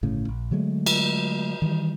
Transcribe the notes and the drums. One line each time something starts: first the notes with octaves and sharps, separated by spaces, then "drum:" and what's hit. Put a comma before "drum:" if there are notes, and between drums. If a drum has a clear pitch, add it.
G1 A2 C#3
A#1
D3 F#3 G#3 A3
drum: cymbal
D#3 E3 G3